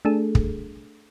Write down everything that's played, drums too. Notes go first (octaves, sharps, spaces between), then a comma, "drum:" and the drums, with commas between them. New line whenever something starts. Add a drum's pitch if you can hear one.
A3 D4 G#4 A4
drum: kick